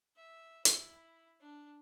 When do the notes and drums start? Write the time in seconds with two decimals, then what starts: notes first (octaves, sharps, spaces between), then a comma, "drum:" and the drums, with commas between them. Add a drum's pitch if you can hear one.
0.16 E5
0.65 E4, drum: hi-hat
1.40 D4